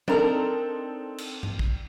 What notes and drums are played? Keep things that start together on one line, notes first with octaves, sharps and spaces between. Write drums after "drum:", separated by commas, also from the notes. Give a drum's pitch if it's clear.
C4 D4 D#4 A4 A#4, drum: tom
drum: cymbal
drum: tom G2
drum: kick